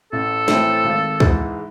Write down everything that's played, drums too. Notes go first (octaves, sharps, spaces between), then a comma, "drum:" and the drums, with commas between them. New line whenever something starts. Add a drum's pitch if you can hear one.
A1 A4
A2 E3 A3 C4, drum: snare
G#1
G#2 E3 G#3, drum: kick